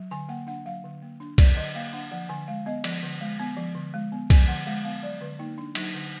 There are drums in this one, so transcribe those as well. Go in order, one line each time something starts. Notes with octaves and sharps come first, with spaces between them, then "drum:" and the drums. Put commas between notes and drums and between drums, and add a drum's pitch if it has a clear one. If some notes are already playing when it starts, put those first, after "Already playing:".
Already playing: F#3
D3 G#5
A#3 F#5
D4 F#5
F#3 F5
D3
A#3
D4
F#3 D5, drum: kick, cymbal
D3 D#5
A#3 F5
D4 F#5
F3 F#5
D3 G#5
G#3 F5
B3 D#5
F3, drum: cymbal
D3
G#3
B3
F3
D3
G#3
B3
F3 G#5, drum: kick, cymbal
D3 F#5
G#3 F#5
B3 F5
F#3 D5
D3 B4
A#3 D#4
D4
F#3 D#4, drum: cymbal
D3